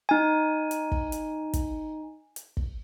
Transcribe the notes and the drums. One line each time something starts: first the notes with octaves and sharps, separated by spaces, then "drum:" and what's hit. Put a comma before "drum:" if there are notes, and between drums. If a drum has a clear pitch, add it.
D#4 G#5
drum: hi-hat
drum: kick
drum: hi-hat
drum: kick, hi-hat
drum: hi-hat
drum: kick